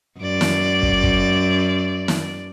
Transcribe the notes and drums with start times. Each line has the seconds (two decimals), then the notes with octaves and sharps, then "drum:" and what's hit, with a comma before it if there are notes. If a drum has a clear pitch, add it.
0.20 F#2 D5
0.41 drum: snare
0.83 drum: kick
1.04 drum: kick
2.08 drum: snare